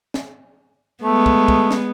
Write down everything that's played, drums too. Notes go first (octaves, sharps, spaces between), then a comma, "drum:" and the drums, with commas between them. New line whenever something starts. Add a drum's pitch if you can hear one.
drum: snare
G#3 A3 B3
drum: kick
drum: kick
drum: snare